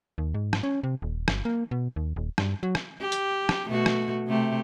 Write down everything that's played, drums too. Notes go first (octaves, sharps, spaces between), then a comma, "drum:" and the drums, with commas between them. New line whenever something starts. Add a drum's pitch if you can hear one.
D#2
G#2
drum: rim click
C#4
C3
D#1
G1, drum: rim click
A#3
B2
D#2
D#1
G2, drum: rim click
F#3
drum: rim click
G4
drum: hi-hat
drum: rim click
B2 A3 F#4
drum: rim click
C3 A3 G4